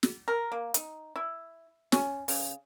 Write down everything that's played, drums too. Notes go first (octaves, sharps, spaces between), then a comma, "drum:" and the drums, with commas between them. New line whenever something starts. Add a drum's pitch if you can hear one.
drum: snare
A#4
A#3
D#4, drum: hi-hat
E4
C#4, drum: snare
C#3, drum: open hi-hat